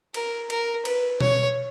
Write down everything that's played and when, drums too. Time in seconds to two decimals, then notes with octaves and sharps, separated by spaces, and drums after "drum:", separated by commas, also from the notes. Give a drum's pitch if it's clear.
0.14 A#4, drum: cymbal
0.50 A#4, drum: cymbal
0.85 B4, drum: cymbal
1.21 C#5, drum: tom B2